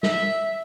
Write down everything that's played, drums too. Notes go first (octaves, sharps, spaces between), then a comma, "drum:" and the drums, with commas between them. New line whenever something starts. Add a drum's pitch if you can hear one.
E5, drum: snare